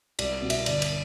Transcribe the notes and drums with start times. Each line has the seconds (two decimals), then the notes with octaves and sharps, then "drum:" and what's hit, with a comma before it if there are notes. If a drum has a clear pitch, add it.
0.19 C2 D5, drum: cymbal
0.42 B2
0.50 E5, drum: cymbal
0.66 G1 D5, drum: cymbal
0.82 drum: cymbal